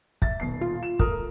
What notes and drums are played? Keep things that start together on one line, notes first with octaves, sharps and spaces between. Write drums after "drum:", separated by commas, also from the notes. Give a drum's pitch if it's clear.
E5 A6, drum: kick
D#1 B2 C7
F4
E7
A3 A#4 D#6, drum: kick